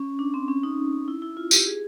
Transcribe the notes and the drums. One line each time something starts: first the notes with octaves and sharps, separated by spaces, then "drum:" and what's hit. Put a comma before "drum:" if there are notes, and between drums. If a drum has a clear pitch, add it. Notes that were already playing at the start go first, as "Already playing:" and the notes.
Already playing: C#4
D4
C4
C#4
D#4
E4
E4
F4
G4, drum: tambourine
G#4